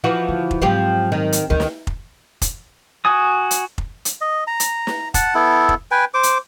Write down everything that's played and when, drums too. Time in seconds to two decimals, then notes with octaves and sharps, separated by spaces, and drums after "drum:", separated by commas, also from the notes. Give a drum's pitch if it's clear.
0.04 E3 F3 F#4
0.29 D3
0.51 drum: kick
0.62 G#2 F3 F#3 C4 G4
1.12 D#3
1.32 drum: hi-hat
1.50 D2 D3 D#3
1.60 drum: snare
1.87 drum: kick
2.42 drum: kick, hi-hat
3.05 F#4 G#5 D#6
3.51 drum: hi-hat
3.78 drum: kick
4.05 drum: hi-hat
4.21 D#5
4.47 A#5
4.60 drum: hi-hat
4.87 drum: snare
5.14 F#5 A5, drum: kick, hi-hat
5.35 B3 E4 A4
5.69 drum: kick
5.91 B4 G5 G#5
6.14 C5 D6
6.23 drum: hi-hat